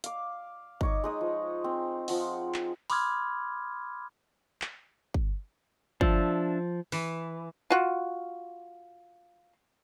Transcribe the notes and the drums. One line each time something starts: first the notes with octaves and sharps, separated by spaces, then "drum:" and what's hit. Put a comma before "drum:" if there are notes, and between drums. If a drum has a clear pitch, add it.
F5 D6, drum: hi-hat
D#4 C#5 D6, drum: kick
G#3 D#4 D#6
F3
C4
F3 F#5, drum: open hi-hat
drum: clap
B5 C6 D6 D#6 F6 G#6, drum: open hi-hat
drum: clap
drum: kick
F3 D4 E5, drum: kick
E3, drum: open hi-hat
F4 F#4